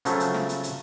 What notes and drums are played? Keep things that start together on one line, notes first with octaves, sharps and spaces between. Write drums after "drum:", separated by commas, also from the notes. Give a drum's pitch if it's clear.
C#3 F3 F#3 A3, drum: hi-hat
drum: hi-hat
drum: snare
drum: hi-hat
drum: hi-hat